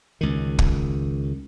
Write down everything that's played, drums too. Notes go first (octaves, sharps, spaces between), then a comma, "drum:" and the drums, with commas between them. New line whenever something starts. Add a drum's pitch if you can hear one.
C#2 D#3
drum: kick